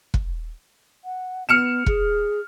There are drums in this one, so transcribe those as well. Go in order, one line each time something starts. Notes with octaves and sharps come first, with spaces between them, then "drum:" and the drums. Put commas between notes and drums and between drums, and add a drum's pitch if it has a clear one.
drum: kick
F#5
B3 F6 C#7 E7
G#4, drum: kick